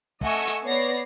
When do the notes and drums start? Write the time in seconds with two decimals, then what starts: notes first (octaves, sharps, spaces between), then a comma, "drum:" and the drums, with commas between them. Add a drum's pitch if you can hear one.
0.21 A3 D#5 F#5 G#5 C#6 E6, drum: kick
0.47 drum: hi-hat
0.65 B3 C#5 D5 A#6 C7